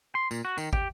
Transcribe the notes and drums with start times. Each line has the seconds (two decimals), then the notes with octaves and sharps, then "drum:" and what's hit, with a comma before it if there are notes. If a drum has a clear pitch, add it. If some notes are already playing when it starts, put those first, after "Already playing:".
0.15 C6
0.31 A#2, drum: tambourine
0.45 F#4
0.58 D#3, drum: tambourine
0.73 G4, drum: kick